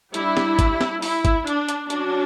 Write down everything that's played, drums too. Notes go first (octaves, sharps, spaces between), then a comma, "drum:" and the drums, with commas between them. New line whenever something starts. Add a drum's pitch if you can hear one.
G3 D4 E4, drum: hi-hat
drum: snare
drum: kick, hi-hat
drum: snare
E4, drum: open hi-hat
drum: kick, hi-hat
D4, drum: hi-hat
drum: hi-hat
F#3 C#4 D4 F#4, drum: hi-hat